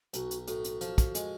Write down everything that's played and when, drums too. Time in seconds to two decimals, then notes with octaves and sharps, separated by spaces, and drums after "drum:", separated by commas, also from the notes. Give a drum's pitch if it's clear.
0.14 B1 F#4, drum: hi-hat
0.31 drum: hi-hat
0.47 A2 F#4, drum: hi-hat
0.64 drum: hi-hat
0.81 F3, drum: hi-hat
0.98 drum: kick, hi-hat
1.15 G#3, drum: hi-hat